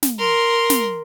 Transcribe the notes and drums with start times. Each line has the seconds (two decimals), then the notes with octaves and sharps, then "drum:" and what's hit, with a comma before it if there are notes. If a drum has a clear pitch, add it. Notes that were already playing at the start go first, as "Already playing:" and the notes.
0.03 drum: snare
0.19 A#4 C6
0.70 drum: snare